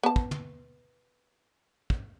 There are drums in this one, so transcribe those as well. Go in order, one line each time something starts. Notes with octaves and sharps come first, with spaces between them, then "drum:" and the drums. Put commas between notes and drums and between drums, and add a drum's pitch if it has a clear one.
B3 A5
drum: kick
drum: tom
drum: kick